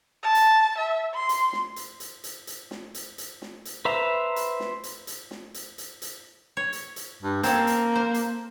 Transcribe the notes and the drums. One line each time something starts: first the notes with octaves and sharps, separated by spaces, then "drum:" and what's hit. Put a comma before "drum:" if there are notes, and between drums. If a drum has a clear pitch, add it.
A5
drum: hi-hat
E5
C6
drum: hi-hat
drum: snare
drum: hi-hat
drum: hi-hat
drum: hi-hat
drum: hi-hat
drum: snare
drum: hi-hat
drum: hi-hat
drum: snare
drum: hi-hat
B4 C5 E5 A#5
drum: hi-hat
drum: snare
drum: hi-hat
drum: hi-hat
drum: snare
drum: hi-hat
drum: hi-hat
drum: hi-hat
C#5
drum: hi-hat
drum: hi-hat
G2
A#3 C4 C#4 A4, drum: hi-hat
drum: hi-hat
C5
drum: hi-hat